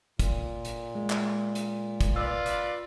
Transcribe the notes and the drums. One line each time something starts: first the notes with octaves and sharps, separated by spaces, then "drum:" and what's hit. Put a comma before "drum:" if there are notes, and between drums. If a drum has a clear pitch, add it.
A#2, drum: kick, hi-hat
drum: hi-hat
G#3
drum: clap
drum: hi-hat
drum: kick, hi-hat
F4 B4 D5 E6
drum: hi-hat